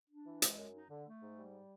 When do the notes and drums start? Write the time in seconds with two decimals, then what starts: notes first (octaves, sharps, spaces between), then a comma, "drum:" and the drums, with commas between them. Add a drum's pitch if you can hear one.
0.09 D4
0.26 E3
0.42 G#3, drum: hi-hat
0.58 F#2
0.74 D#4
0.90 D3
1.07 A3
1.22 G#2
1.38 G3